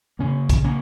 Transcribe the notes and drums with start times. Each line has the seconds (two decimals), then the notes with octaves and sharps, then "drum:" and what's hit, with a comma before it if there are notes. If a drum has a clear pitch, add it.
0.19 C#3 A#3 C#4
0.49 drum: kick, hi-hat
0.64 A#3 C#4